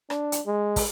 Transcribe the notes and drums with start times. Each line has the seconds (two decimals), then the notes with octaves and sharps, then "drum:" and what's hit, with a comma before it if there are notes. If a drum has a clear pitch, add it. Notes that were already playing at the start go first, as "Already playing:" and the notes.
0.10 D4, drum: rim click
0.32 drum: hi-hat
0.46 G#3
0.76 drum: kick, open hi-hat